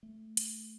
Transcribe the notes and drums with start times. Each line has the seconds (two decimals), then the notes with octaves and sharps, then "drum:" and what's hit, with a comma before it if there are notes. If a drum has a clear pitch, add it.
0.03 A3
0.37 drum: hi-hat